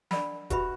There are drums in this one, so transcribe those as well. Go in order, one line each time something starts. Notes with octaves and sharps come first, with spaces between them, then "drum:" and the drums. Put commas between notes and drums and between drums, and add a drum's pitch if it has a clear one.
D4 A#4 D5 F#5 B5, drum: snare
F#4 G4 B4 E5 B5, drum: kick D#1, hi-hat